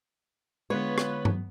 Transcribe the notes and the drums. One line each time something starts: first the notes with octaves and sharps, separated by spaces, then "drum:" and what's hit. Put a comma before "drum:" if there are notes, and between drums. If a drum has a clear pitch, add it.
D3 G#3 B3 F4 B4 C#5
drum: rim click
drum: tom G2